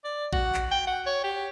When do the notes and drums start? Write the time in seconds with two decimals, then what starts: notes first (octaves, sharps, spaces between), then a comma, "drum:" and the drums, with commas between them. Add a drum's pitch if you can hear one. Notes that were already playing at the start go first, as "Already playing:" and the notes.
0.04 D5
0.33 F#4, drum: kick
0.54 drum: clap
0.71 G5
0.87 F#5
1.06 C#5
1.24 G4